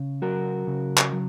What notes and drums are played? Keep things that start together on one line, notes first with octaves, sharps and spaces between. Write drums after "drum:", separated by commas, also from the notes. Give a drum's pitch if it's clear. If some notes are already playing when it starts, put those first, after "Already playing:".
Already playing: C#3
F#3 F#4 A#4
C#3
drum: clap
F#3